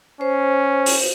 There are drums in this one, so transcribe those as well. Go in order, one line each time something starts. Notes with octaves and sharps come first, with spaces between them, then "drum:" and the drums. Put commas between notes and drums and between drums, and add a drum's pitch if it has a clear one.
C#4 C5
drum: open hi-hat